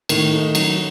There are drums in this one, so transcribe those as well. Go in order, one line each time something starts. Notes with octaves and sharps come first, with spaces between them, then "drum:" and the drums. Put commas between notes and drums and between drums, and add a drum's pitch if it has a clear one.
A2 D#3, drum: cymbal
A3 D#4
F#3, drum: cymbal